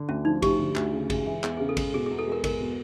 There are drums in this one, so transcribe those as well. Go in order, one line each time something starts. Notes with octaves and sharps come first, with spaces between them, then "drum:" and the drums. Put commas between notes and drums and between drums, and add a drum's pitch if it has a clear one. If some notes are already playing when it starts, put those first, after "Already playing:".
Already playing: D3
D2 C#4
F3 D#4
D2 G4, drum: kick A1, cymbal
D3
D2, drum: clap
C#3
G#3, drum: kick A1, cymbal
E3
E2 G#4, drum: clap
C#3 G#4
A4
G#3, drum: kick A1, cymbal
B2 G#4
E2 G#4
A4
G#3 A#4
E2 A#4, drum: kick A1, cymbal
B2